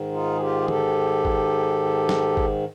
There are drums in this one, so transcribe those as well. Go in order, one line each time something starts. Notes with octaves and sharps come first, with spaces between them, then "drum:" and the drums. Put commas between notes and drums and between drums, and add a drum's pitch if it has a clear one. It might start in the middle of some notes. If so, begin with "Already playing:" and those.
Already playing: G#2 D#3
D#4 F4
G#4
F4 G4
G#4
G4 A4, drum: tom
drum: kick
drum: snare
drum: kick